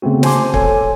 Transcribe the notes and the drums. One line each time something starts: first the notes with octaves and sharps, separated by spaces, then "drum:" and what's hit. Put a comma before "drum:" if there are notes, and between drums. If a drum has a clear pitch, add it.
C#3 A3 B3 C4 F#4
C5 G#5 A5 C6 D6, drum: snare
A4 C#5 G#5, drum: kick